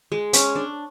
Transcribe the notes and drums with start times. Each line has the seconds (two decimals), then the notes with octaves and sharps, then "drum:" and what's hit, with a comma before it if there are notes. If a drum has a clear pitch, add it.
0.12 G#3
0.33 C#4, drum: hi-hat
0.55 D4